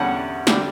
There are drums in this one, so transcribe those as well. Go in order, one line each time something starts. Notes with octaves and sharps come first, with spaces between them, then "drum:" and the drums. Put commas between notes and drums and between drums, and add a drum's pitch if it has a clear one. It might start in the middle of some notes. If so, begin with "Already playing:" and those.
Already playing: E2 D3 G3 C#4 F#5 A5
D3 G3 D4, drum: snare